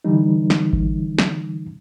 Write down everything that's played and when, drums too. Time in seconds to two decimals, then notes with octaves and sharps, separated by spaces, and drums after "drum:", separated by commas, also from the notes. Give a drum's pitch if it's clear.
0.05 D3 E3 G3 D#4
0.50 drum: snare
0.73 drum: kick G#1
1.18 drum: snare